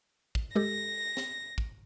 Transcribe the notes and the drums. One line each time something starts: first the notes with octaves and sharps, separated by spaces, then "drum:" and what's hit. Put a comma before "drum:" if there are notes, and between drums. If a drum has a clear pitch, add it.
drum: kick
G#3 G4 A4 A#6
drum: snare
drum: kick